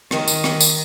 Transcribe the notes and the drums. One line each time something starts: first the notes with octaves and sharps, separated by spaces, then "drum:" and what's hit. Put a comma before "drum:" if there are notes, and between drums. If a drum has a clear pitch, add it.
D#3, drum: rim click
drum: tambourine
drum: rim click
drum: tambourine